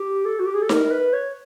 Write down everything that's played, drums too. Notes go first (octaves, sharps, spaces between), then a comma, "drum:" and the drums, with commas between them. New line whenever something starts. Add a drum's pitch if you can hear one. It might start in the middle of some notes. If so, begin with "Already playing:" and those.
Already playing: G4
A4
F#4
G4
G#4
A4
A#4, drum: snare D#4
B4
C#5